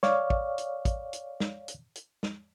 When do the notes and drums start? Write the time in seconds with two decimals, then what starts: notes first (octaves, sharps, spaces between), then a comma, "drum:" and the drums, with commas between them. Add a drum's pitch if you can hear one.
0.03 C#5 D5 F5, drum: snare
0.30 drum: kick
0.58 drum: hi-hat
0.85 drum: kick, hi-hat
1.13 drum: hi-hat
1.40 drum: snare
1.68 drum: hi-hat
1.95 drum: hi-hat
2.23 drum: snare